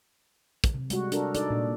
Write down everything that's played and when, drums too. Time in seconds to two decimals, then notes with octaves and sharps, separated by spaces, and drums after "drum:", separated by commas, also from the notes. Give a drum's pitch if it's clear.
0.64 drum: kick, hi-hat
0.74 C3
0.90 G3 G#3 F#4, drum: hi-hat
1.12 D4 F#4 A4 A#4, drum: hi-hat
1.35 D#4 A4 D5, drum: hi-hat
1.50 A#2 D4